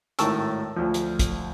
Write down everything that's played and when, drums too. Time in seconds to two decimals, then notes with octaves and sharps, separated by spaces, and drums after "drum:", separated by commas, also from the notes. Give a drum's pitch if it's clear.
0.19 G#1 A2 D#3 A5 C#6 E6, drum: hi-hat
0.76 D2 F3
0.94 drum: hi-hat
1.19 drum: kick, hi-hat